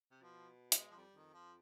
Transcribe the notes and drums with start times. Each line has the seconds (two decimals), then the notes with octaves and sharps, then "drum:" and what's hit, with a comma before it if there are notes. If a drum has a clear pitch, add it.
0.11 C3
0.22 B2 F3
0.72 G#3, drum: hi-hat
0.91 F3
0.96 F2 G3
1.14 F2 D#3
1.33 F3